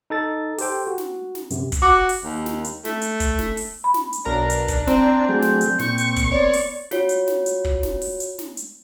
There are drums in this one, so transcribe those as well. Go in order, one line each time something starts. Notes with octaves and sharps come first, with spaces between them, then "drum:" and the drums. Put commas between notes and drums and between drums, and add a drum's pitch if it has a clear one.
D#4 A4 A6
G4 A4 C5 G5, drum: open hi-hat
F#4
drum: snare
drum: snare
F#2 C3, drum: hi-hat
drum: kick, hi-hat
F#4 D6
drum: open hi-hat
D#2
drum: snare
drum: hi-hat
A3, drum: snare
drum: hi-hat
drum: kick, hi-hat
drum: snare
drum: open hi-hat
B5
drum: snare
drum: hi-hat
B1 D4 A#4 A#5
drum: hi-hat
drum: kick, hi-hat
C4 A#5, drum: snare
F#3 A3 G#4 G6
drum: snare
drum: hi-hat
A#2 C#6, drum: snare
drum: hi-hat
drum: kick, hi-hat
B3 C4 C#5 D5
drum: open hi-hat
F4 F#4 C#5, drum: snare
drum: hi-hat
drum: snare
drum: hi-hat
drum: kick
drum: snare
drum: open hi-hat
drum: hi-hat
drum: snare
drum: hi-hat